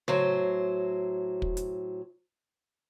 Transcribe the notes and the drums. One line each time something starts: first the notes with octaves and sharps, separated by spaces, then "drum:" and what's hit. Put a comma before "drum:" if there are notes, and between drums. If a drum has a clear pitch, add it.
A2 F#3 C5, drum: tom C#3
drum: kick
drum: hi-hat